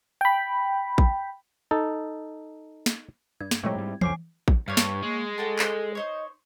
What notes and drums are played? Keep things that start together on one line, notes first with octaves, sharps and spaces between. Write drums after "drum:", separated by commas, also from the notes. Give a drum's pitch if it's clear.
G5 B5
drum: kick A1
D#4 A4
drum: snare
G2 G#6
drum: snare
A#2 F#3 G#3 A3 C4 E4 G4
G#2 G3
C2 F2 C#4 C5 G#5 D6 C7, drum: tom E3
drum: kick A1
G2 C#5 F5
drum: snare
G#3 A#3
F#4 A4 G5 A5
C5 D#5 F#6, drum: clap
D#4 C5 C#5 D#5